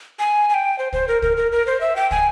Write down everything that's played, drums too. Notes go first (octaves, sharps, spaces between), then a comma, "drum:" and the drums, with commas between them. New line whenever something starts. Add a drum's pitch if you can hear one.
G#5
G#5
G5
C5
C5, drum: kick
A#4
A#4, drum: kick
A#4
A#4
C5
E5
G5
G#5, drum: kick